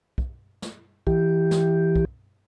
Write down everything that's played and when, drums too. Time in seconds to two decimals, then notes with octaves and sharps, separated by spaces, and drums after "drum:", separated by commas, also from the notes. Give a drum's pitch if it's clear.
0.18 drum: kick
0.62 drum: snare
1.07 E3 G4, drum: kick
1.51 drum: snare
1.96 drum: kick